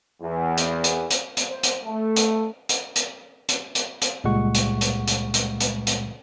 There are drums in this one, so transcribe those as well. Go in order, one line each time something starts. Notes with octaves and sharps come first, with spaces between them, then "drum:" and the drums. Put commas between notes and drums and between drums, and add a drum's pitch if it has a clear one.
E2
drum: hi-hat
drum: hi-hat
drum: hi-hat
drum: hi-hat
C5
drum: hi-hat
A3
drum: hi-hat
drum: hi-hat
drum: hi-hat
drum: hi-hat
drum: hi-hat
drum: hi-hat
C#2 A#2 G3 G#3 F#5 C#6
drum: hi-hat
drum: hi-hat
drum: hi-hat
drum: hi-hat
drum: hi-hat
drum: hi-hat